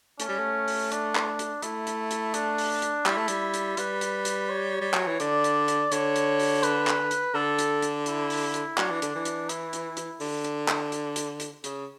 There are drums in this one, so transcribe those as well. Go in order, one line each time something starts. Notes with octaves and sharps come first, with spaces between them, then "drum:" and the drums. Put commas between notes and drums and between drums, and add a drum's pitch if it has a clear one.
A3 C#4, drum: hi-hat
G3
A3
drum: open hi-hat
D4, drum: hi-hat
drum: clap
drum: hi-hat
A3 E4, drum: hi-hat
drum: hi-hat
drum: hi-hat
D4, drum: hi-hat
drum: open hi-hat
drum: hi-hat
G3 E4, drum: clap
A3
G3, drum: hi-hat
drum: hi-hat
G3 B4, drum: hi-hat
drum: hi-hat
drum: hi-hat
C#5
G3
F#3, drum: clap
E3
D3 D5, drum: hi-hat
drum: hi-hat
drum: hi-hat
D3 C#5, drum: hi-hat
drum: hi-hat
drum: open hi-hat
B4, drum: hi-hat
drum: clap
drum: hi-hat
D3 A4
drum: hi-hat
drum: hi-hat
E4, drum: hi-hat
drum: open hi-hat
drum: hi-hat
F#3 D4, drum: clap
E3
D3, drum: hi-hat
E3
drum: hi-hat
E4, drum: hi-hat
drum: hi-hat
drum: hi-hat
D3, drum: open hi-hat
drum: hi-hat
drum: clap
drum: hi-hat
drum: hi-hat
drum: hi-hat
C#3, drum: hi-hat